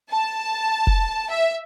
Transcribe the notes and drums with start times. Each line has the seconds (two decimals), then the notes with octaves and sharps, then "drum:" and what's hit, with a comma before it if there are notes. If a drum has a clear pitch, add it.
0.12 A5
0.87 drum: kick F1
1.30 E5